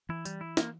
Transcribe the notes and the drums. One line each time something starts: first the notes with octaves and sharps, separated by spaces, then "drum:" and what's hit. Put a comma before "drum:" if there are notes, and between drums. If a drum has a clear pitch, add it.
E3 E4
G3, drum: tambourine
E4
A#3, drum: snare